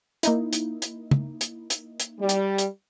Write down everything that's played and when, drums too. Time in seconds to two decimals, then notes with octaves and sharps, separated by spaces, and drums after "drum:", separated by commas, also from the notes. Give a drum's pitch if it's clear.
0.23 A#3 D#4 E4, drum: hi-hat
0.53 drum: hi-hat
0.82 drum: hi-hat
1.11 drum: tom
1.41 drum: hi-hat
1.70 drum: hi-hat
2.00 drum: hi-hat
2.19 G3
2.29 drum: hi-hat
2.58 drum: hi-hat